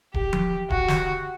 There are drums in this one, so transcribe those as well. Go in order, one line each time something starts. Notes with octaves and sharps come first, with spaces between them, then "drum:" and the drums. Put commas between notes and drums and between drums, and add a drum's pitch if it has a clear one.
G4, drum: kick D1
drum: tom F3
F#4, drum: kick D1
drum: snare